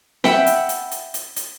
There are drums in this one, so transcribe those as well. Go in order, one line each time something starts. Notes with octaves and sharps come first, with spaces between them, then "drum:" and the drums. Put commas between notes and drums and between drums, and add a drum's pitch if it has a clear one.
E5 F#5 G5 B5, drum: snare C4
drum: hi-hat
drum: hi-hat
drum: hi-hat
drum: hi-hat
drum: hi-hat